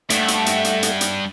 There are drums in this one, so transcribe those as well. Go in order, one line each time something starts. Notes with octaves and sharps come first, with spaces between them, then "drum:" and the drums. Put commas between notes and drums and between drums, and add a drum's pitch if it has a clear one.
G2 A3 E5 F#5, drum: hi-hat
drum: hi-hat
drum: hi-hat
drum: hi-hat
drum: hi-hat
drum: hi-hat